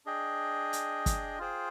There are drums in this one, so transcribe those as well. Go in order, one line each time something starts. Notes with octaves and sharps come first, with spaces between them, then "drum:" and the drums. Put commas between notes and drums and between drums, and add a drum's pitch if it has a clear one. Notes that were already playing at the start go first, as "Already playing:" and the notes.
D4 G#4 D#5 G5
drum: hi-hat
drum: kick, hi-hat
F4 G#4 C5 G5